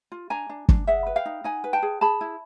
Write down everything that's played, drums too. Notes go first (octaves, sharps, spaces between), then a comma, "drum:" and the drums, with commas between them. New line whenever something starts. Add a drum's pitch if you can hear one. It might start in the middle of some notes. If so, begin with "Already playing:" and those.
F4
D4 G#5 A#5
D4
D4, drum: kick
G#4 E5 F#5
B4
F5 G5
D#4
D#4 F#5 G#5
B4
G5 A5
G#4
G#4 A5 B5
E4